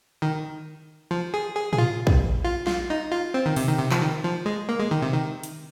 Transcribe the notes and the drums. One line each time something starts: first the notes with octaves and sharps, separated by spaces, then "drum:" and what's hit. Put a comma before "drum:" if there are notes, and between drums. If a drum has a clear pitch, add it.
D#3
F3
G#4
G#4
G#4, drum: tom
F4
drum: kick
F4
F4, drum: snare
D#4
F4
C4
D#3
C3, drum: open hi-hat
D#3
C3
F3, drum: clap
D#3
F3
G#3
A#3
G#3
D#3
C3
D#3
drum: hi-hat